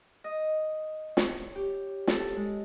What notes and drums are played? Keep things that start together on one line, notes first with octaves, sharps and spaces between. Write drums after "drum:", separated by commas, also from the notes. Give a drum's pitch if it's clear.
D#5
C#5, drum: snare
G4
A4, drum: snare
G#3